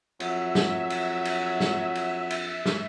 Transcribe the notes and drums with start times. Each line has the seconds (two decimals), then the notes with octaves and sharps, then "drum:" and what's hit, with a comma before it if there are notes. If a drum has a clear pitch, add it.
0.20 F2 F#3 E5, drum: cymbal
0.55 drum: snare
0.90 drum: cymbal
1.25 drum: cymbal
1.60 drum: snare
1.95 drum: cymbal
2.30 drum: cymbal
2.65 drum: snare